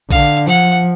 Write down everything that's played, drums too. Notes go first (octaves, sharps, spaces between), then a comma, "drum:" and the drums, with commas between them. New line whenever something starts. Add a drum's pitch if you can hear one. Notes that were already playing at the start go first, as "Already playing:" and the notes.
D3 F5, drum: kick A#1, open hi-hat
F3 F#5